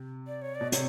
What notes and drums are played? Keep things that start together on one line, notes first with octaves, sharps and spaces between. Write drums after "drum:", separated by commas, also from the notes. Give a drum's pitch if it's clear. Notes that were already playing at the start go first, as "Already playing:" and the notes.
Already playing: C3
D5
C#5
D5
B2
C3 C#5, drum: hi-hat